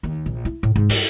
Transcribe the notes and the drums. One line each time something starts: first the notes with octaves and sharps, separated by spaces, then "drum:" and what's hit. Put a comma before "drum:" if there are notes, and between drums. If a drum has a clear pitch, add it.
D#2
A#1
E4
A2
G#2
G2, drum: open hi-hat